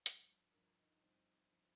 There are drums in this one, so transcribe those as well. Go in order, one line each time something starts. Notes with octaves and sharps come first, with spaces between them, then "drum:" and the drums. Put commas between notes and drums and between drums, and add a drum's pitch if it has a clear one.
G2 F3 C5, drum: hi-hat
G2 F3 A#4
D#4
G2 F3 C4
G2 F3